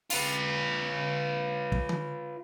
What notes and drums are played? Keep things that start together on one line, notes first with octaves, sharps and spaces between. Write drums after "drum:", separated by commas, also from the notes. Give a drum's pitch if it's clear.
F4 B4, drum: open hi-hat
drum: kick
drum: tom D3